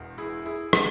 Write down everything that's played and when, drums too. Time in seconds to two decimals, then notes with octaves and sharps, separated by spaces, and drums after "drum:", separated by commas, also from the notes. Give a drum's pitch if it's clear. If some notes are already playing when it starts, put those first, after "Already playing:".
Already playing: E1 E2
0.18 E4 G#4
0.46 E4 G#4
0.73 F#4 A4, drum: rim click